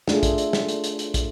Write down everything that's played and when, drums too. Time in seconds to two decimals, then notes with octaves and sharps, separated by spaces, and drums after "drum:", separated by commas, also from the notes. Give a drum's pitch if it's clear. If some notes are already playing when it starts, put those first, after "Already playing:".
0.08 A3 D4 F4 G#4, drum: snare
0.23 drum: kick, hi-hat
0.38 drum: hi-hat
0.53 drum: snare
0.68 drum: hi-hat
0.84 drum: hi-hat
0.99 drum: hi-hat
1.14 drum: kick, hi-hat